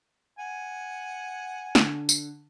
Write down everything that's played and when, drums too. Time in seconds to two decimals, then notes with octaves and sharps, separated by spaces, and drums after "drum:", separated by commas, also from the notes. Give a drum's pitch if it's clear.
0.39 F#5 G#5
1.75 D3, drum: snare
2.09 drum: tambourine